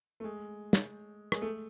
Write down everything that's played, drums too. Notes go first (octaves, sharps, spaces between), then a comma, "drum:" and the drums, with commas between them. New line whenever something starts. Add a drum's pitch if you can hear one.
A3
G#3
drum: snare
G#3, drum: rim click
A3